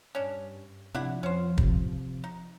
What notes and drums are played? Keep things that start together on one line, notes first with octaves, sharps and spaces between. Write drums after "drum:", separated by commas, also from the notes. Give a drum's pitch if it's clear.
G2 C#4 D4
C3 F3 D4 E4 F#5
F2 C#4 C5
C3, drum: kick
D#4